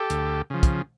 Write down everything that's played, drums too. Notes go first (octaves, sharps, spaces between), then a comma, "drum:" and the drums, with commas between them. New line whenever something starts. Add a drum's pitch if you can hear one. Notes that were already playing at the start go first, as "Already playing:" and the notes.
Already playing: G4 A4
D2, drum: hi-hat
C#3 F3
drum: kick, hi-hat